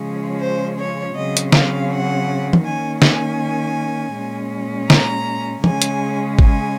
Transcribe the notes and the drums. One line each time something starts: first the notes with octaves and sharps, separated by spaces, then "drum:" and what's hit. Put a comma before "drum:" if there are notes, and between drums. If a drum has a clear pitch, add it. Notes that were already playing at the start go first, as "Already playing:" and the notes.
Already playing: C#3 F3 G#3 C#4
C5
C#5
C#3 F#3 C4 D#5
drum: hi-hat
F5, drum: snare
F#5
drum: tom E3
D#3 A#3 C#4 G#5
G#5, drum: snare
A#2 G#3 C#4
A#5, drum: snare
C#3 G#3 C#4 G#5, drum: tom E3
drum: hi-hat
G#5, drum: kick